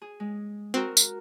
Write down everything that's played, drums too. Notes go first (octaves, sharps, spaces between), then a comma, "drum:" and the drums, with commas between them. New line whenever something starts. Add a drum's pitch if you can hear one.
G#4
G#3
C4 F#4 A#4
drum: tambourine